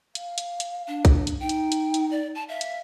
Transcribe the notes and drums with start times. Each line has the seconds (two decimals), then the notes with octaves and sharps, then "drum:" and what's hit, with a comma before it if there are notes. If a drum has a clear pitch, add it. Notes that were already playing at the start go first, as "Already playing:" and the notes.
0.15 F5, drum: hi-hat
0.38 drum: hi-hat
0.60 drum: hi-hat
0.88 D4
1.05 drum: kick, hi-hat
1.27 drum: hi-hat
1.40 D#4 G5
1.49 drum: hi-hat
1.72 drum: hi-hat
1.94 drum: hi-hat
2.11 D5
2.35 A5
2.49 E5 F5
2.61 drum: hi-hat